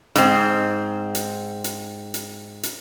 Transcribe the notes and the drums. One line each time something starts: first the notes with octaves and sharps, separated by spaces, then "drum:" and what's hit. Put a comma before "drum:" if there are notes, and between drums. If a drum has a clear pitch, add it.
G#2 C4, drum: hi-hat
drum: hi-hat
drum: hi-hat
drum: hi-hat
drum: hi-hat